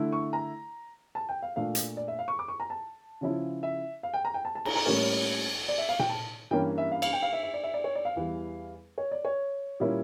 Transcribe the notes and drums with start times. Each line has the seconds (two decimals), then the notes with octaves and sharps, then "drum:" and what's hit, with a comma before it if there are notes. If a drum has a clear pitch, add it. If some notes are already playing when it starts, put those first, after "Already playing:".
Already playing: D3 A3 E4
0.13 C#6
0.33 A#5
1.15 A5
1.29 G5
1.42 F5
1.56 A#2 A3 D4 F5
1.75 drum: hi-hat
1.97 D5
2.08 E5
2.19 F5
2.28 C#6
2.39 D6
2.48 C#6
2.60 A#5
2.70 A5
3.21 C#3 F3 C#4 E4
3.63 E5
4.03 F5
4.14 G5
4.25 A#5
4.34 G5
4.45 A5
4.55 A5
4.65 A#5, drum: cymbal
4.75 A#5
4.86 A2 G3 A#3 C#4 C#5
5.68 D5
5.78 E5
5.89 F5
5.99 G5, drum: tom A#2
6.09 A5
6.51 G2 E3 A#3 C#4 G5
6.78 E5
6.92 F5
7.02 F5, drum: cymbal
7.13 G5
7.23 F5
7.33 E5
7.43 E5
7.54 D5
7.64 E5
7.74 D5
7.84 C#5
7.95 D5
8.05 F5
8.16 E2 E3 G3
8.98 C#5
9.12 D5
9.25 C#5
9.80 A#2 G3 A#3 C#4 E4